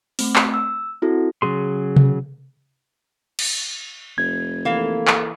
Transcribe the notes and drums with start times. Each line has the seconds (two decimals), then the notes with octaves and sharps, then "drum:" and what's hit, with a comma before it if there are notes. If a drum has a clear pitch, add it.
0.19 A3 C4, drum: open hi-hat
0.36 drum: clap
0.54 E6
1.02 C4 E4 F#4 A4
1.42 C#3 F#3 G#4 C6
1.96 drum: tom C3
3.39 drum: cymbal
4.18 F1 G#6
4.65 E3 A#3 A4 F5
5.07 drum: clap